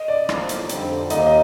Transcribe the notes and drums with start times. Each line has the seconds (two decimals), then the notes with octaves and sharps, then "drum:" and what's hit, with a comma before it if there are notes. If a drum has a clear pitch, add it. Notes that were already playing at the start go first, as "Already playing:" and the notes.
Already playing: D#5
0.08 D5
0.29 A2 F3 A#3 D#4, drum: rim click
0.49 drum: hi-hat
0.69 F2 D3 G3 C4, drum: hi-hat
1.10 D#2 D#3 A#3 D#4 D#5, drum: hi-hat
1.26 D#5